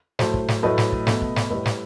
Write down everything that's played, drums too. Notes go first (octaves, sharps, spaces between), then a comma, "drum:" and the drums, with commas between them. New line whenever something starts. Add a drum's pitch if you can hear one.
A2 F#3 A3 A4 C5, drum: snare
drum: kick
drum: snare
A2 F#3 A3 B4 D#5
drum: snare
drum: kick
B2 A3, drum: snare
drum: kick
drum: snare
A2 G3 B4 D#5
drum: snare